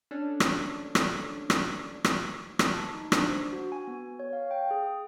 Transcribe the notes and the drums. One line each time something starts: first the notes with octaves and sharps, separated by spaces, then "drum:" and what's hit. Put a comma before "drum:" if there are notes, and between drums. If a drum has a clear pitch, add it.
C#4 D4 A4
drum: rim click
drum: rim click
drum: rim click
drum: rim click
drum: rim click
A5
D#4
D4, drum: rim click
C5
F#4
G#5
B3
C#5
F5
G5
G#4
D#6